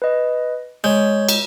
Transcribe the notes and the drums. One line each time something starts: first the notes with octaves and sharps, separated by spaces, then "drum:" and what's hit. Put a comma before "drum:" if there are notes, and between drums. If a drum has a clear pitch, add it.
B4 D#5
G#3 C#5 G6
drum: cymbal